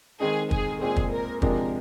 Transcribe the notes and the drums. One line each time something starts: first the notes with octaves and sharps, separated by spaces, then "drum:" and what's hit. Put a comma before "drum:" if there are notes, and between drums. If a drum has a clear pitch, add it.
D#3 G#3 C4 D#4 G#4
G#4, drum: kick
A#2 G#3 C4 G#4
drum: kick
A#4
C3 F3 G#3 D4 A#4, drum: kick